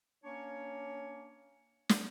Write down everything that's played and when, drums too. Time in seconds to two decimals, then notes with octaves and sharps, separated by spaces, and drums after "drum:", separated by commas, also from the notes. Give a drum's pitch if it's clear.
0.24 A#3 C#4 D4 C#5
1.89 drum: snare